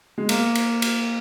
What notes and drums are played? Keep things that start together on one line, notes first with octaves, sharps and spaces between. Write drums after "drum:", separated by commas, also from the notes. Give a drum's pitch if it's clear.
G#3
A#3, drum: cymbal
drum: cymbal
drum: cymbal